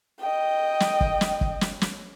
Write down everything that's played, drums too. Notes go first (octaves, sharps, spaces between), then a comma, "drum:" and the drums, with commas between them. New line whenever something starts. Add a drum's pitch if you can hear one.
D#5 G5
drum: snare
drum: kick
drum: snare
drum: kick
drum: snare
drum: snare